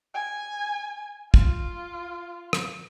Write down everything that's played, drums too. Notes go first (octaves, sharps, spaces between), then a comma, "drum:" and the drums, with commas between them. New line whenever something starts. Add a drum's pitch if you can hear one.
G#5
F4, drum: kick
drum: rim click